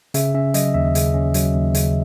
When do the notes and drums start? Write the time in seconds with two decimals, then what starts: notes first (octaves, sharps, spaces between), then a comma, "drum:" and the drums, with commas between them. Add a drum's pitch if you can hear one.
0.14 C#3 E5, drum: hi-hat
0.34 C#4 E5
0.54 F#3 D#5, drum: hi-hat
0.74 D#2 E5
0.95 C#3, drum: hi-hat
1.14 C#4
1.34 F#3, drum: hi-hat
1.54 D#2
1.75 C#3, drum: hi-hat